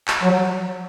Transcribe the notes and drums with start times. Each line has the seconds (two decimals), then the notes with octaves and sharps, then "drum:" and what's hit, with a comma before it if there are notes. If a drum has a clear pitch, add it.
0.08 drum: clap
0.23 F#3